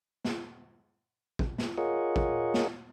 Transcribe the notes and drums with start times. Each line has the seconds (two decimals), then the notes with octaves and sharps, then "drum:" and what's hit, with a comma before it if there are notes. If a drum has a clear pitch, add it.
0.25 drum: snare
1.39 drum: kick
1.58 drum: snare
1.78 F4 G#4 A#4 C#5 D#5 F#5
2.16 drum: kick
2.54 drum: snare